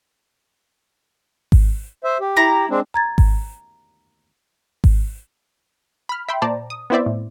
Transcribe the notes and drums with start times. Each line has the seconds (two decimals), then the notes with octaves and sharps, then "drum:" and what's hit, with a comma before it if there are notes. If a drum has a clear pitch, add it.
1.52 drum: kick G#1
2.04 C5 E5
2.20 G4
2.37 E4 A#5
2.69 G#3 C4 D4
2.94 A#5 G#6 A6
3.18 drum: kick G#1
4.84 drum: kick G#1
6.09 B5 F6
6.29 E5 G5 B5 C6
6.42 A#2 C5 D5 A5 A#5
6.70 D#6
6.90 B3 C4 E4 C5 D5 E5
7.06 A2